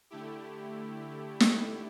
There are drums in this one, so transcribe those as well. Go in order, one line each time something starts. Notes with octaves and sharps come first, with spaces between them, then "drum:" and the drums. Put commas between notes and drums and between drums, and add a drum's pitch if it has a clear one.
D3 A3 E4 G4
drum: snare